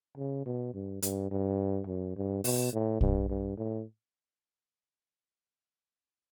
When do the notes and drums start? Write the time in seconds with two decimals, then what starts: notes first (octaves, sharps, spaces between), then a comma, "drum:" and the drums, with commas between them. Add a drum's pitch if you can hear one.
0.17 C#3
0.46 B2
0.74 G2
1.02 G2, drum: hi-hat
1.31 G2
1.87 F#2
2.17 G2
2.44 B2, drum: open hi-hat
2.73 A2
3.01 G2, drum: kick
3.29 G2
3.58 A2